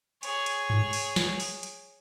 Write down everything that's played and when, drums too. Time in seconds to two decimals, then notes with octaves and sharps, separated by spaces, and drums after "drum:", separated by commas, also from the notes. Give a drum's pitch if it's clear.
0.23 G#4 C#5, drum: hi-hat
0.46 drum: hi-hat
0.70 drum: tom G2
0.93 drum: open hi-hat
1.16 drum: snare
1.40 drum: open hi-hat
1.63 drum: hi-hat